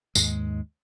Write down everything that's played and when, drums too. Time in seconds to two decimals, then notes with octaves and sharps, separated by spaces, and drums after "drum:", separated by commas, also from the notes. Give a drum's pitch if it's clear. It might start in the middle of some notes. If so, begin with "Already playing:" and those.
0.15 D#2 G#2 G#3, drum: tambourine